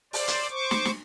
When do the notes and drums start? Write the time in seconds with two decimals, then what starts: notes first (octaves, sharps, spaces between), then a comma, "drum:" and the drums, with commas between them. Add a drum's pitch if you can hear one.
0.13 C5 D5, drum: open hi-hat
0.28 drum: hi-hat
0.51 C5 C#6 D6
0.71 drum: snare
0.85 drum: snare